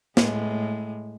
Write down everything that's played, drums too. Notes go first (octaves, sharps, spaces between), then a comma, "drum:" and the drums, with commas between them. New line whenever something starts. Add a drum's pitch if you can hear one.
A2 G#3, drum: snare